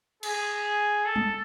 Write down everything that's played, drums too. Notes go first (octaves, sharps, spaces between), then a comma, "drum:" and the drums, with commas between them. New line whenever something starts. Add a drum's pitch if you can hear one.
G#4, drum: cymbal
A4
drum: tom G3